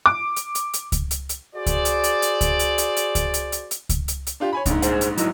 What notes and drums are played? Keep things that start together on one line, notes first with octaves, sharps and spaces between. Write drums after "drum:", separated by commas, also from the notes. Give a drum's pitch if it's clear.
D6
drum: hi-hat
drum: hi-hat
drum: hi-hat
drum: kick C#2, hi-hat
drum: hi-hat
drum: hi-hat
F#4 G#4 C5 D5
drum: kick C#2, hi-hat
drum: hi-hat
drum: hi-hat
drum: hi-hat
drum: kick C#2, hi-hat
drum: hi-hat
drum: hi-hat
drum: hi-hat
drum: kick C#2, hi-hat
drum: hi-hat
drum: hi-hat
drum: hi-hat
drum: kick C#2, hi-hat
drum: hi-hat
drum: hi-hat
D4 F4 G4
C#5 G#5 B5
A#1 G#2, drum: kick C#2, hi-hat
G#4 C5 F#5, drum: hi-hat
drum: hi-hat
F#3 E4 D#5, drum: hi-hat